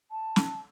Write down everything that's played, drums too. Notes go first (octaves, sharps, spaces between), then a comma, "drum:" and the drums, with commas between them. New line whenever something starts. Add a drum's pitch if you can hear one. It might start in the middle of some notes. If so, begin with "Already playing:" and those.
A5
drum: snare